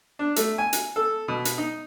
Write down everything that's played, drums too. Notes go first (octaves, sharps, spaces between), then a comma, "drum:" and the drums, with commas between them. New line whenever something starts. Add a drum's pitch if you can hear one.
D4
A3, drum: hi-hat
G#5
drum: hi-hat
A4
B2
drum: hi-hat
D#4